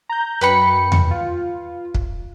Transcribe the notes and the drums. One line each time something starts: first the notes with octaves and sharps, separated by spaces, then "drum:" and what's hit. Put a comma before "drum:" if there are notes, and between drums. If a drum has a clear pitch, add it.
A#5 G6
F#2 B4 G5 B5 C#7
drum: tom E2
F4
drum: kick